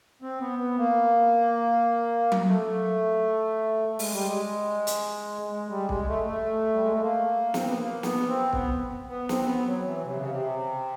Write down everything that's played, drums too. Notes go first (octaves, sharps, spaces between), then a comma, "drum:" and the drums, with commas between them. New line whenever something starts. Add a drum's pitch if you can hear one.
C4
B3
B3
A#3
drum: tom F#3
A3
G#3, drum: open hi-hat
G3
G#3
drum: hi-hat
G#3
G3
G#3, drum: kick
A3
A3
G3
G#3
A3
A#3
C4, drum: snare
B3
A#3
B3, drum: snare
C4
B3, drum: kick
B3
C4, drum: snare
B3
F#3
E3
C3
C#3
C3